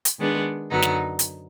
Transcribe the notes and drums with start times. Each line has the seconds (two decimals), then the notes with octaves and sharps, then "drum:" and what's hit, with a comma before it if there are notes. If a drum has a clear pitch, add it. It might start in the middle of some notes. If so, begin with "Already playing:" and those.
0.05 drum: hi-hat
0.19 D#3 G#3 B3 D4
0.71 F#2 D3 F#3 B3 D#4
0.82 drum: snare
1.19 drum: hi-hat